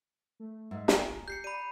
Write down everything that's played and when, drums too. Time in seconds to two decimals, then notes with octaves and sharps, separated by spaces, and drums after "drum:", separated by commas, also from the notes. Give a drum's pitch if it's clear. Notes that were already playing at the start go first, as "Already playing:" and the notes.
0.40 A3
0.71 G#2 E5
0.88 F4 G5 G#5 A#5, drum: snare
1.28 G4 G6 C7 C#7
1.44 D5 B5 D#7